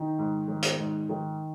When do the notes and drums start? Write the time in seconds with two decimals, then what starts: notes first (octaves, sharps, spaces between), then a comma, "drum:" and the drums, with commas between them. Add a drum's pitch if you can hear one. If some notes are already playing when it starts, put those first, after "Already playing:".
Already playing: D#3 D#4
0.18 G#2
0.48 D#3
0.62 drum: hi-hat
0.78 G#2
1.09 D#3